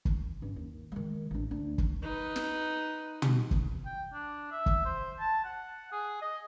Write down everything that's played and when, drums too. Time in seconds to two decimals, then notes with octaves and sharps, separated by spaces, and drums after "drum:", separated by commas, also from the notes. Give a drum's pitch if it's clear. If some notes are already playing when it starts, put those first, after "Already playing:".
0.05 drum: kick
0.42 G2 C#4
0.56 D#2
0.92 D#3 G#3
1.31 A1 D4
1.51 D2 D4
1.78 drum: kick
2.03 D#4 B4
2.36 drum: snare
3.22 drum: tom
3.51 drum: kick
3.86 G5
4.13 D4
4.52 E5
4.66 drum: kick
4.85 C5
5.20 A5
5.44 F#5
5.92 G#4
6.22 D#5